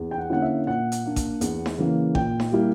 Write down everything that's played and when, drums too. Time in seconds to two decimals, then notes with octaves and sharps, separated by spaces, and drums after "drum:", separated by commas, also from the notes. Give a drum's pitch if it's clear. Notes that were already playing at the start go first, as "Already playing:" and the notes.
Already playing: E2
0.11 G5
0.18 F#5
0.30 D3 A#3 C#4 E4 F#5
0.42 E5
0.67 A#2 F#5
0.92 drum: hi-hat
1.04 A#3 D4
1.16 drum: kick G#1, hi-hat
1.41 E2, drum: hi-hat
1.66 drum: snare D#4
1.78 C#3 E3 A#3
2.15 A#2 G5, drum: kick G#1
2.40 drum: snare D#4
2.52 G3 A#3 E4